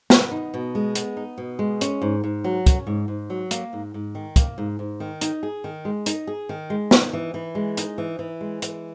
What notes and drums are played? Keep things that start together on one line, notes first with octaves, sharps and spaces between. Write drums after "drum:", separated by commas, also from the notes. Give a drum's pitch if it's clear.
B3, drum: snare
D#4
B2
G#3
B3, drum: hi-hat
D#4
B2
G#3
C#4, drum: hi-hat
G#2
G#2
F#3
C#4, drum: kick, hi-hat
G#2
G#2
F#3
A#3, drum: hi-hat
G#2
G#2
D#3
A#3, drum: kick, hi-hat
G#2
G#2
D#3
D#4, drum: hi-hat
G#4
D#3
G#3
D#4, drum: hi-hat
G#4
D#3
G#3
D#4, drum: snare
E3
E3
G#3
D#4, drum: hi-hat
E3
E3
G#3
E3, drum: hi-hat